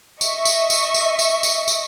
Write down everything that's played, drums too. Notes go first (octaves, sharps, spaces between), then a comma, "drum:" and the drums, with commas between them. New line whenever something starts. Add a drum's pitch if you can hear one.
D#5 E5 C#6, drum: tambourine
drum: tambourine
drum: tambourine
drum: tambourine
drum: tambourine
drum: tambourine
drum: tambourine